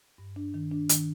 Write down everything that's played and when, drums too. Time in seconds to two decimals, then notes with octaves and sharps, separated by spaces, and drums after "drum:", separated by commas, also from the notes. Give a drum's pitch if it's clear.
0.18 G2
0.36 D4
0.54 D#3
0.72 D4
0.89 D#3, drum: hi-hat